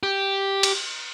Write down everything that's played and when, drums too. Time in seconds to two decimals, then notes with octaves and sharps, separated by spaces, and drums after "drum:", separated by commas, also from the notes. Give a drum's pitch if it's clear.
0.03 G4
0.63 drum: cymbal